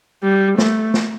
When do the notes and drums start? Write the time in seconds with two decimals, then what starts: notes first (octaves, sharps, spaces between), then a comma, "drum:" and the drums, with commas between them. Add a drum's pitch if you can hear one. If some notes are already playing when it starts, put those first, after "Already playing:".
0.23 G3
0.58 A3, drum: snare
0.94 drum: snare